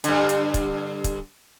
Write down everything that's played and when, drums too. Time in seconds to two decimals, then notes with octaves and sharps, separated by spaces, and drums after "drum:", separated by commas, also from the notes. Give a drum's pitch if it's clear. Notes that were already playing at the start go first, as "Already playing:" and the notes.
0.04 G2 D3, drum: hi-hat
0.29 drum: hi-hat
0.54 drum: kick, hi-hat
1.04 drum: kick, hi-hat